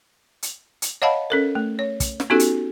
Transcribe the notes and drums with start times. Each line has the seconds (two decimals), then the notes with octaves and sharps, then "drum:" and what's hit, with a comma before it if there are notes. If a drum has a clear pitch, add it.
0.43 drum: hi-hat
0.82 drum: hi-hat
1.02 C#5 D#5 F5 F#5 A5 B5
1.30 C#4 A4 A#4
1.55 A3
1.79 C#5
2.00 drum: kick, hi-hat
2.20 drum: snare
2.30 B3 C#4 D#4 F#4 G4 A4
2.40 drum: hi-hat